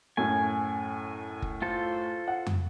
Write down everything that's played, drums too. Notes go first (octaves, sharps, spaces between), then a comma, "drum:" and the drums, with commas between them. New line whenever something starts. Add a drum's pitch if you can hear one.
F#2 A2 G#5
drum: kick F#1
F4 A4 C5
F#5
drum: tom